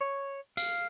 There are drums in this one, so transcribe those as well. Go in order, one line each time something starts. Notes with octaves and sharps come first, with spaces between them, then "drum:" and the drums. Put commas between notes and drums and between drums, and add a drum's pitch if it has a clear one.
C#5
F5, drum: tambourine